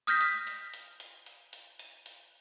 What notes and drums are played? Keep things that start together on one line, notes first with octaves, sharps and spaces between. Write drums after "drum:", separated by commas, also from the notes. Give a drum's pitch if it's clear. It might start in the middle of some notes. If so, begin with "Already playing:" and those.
D#6 F6 G6 A#6 B6
drum: hi-hat
drum: hi-hat
drum: hi-hat
drum: hi-hat
drum: hi-hat
drum: hi-hat
drum: hi-hat
drum: hi-hat